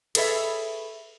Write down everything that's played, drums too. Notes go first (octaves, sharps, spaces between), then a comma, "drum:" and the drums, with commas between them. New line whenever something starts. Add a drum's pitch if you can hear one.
G#4 A4 B4 C#5 E5, drum: cymbal